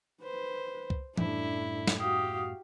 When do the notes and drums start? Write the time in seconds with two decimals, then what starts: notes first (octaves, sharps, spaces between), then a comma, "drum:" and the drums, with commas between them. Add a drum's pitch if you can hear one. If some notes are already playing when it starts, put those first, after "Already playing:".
0.23 B4 C5
0.90 drum: kick
1.17 F#2 A2 G3 D4 E4 A4, drum: tom E3
1.87 drum: snare
2.00 F#4 G4 F5 D#6